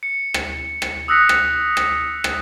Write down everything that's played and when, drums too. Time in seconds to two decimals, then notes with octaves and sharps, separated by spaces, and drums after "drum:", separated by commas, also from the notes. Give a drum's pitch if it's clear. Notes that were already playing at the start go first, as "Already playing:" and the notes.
0.03 C#7
0.34 drum: rim click
0.82 drum: rim click
1.08 D#6 E6 F#6 A#6 B6 C#7
1.29 drum: rim click
1.77 drum: rim click
2.24 drum: rim click